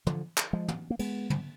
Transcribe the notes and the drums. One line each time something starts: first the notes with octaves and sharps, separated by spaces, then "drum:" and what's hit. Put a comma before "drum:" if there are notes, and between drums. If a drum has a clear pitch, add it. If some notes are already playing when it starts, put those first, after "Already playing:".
D3 F3, drum: tom
drum: clap
F3 G#3
drum: tom
A#3
G#3 B3, drum: cymbal
drum: tom